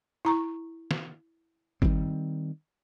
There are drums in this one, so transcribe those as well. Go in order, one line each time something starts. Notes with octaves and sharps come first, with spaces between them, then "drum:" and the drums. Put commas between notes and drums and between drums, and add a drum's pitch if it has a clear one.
E4 A#5 C#6
drum: snare
D#3 G3 C4, drum: kick G1